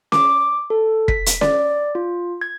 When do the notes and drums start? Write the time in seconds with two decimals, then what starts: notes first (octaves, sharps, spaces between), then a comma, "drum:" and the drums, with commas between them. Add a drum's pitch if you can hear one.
0.12 D6, drum: snare C#4
0.70 A4
1.08 B6, drum: kick
1.26 drum: hi-hat
1.41 D5, drum: snare C#4
1.95 F4
2.41 G#6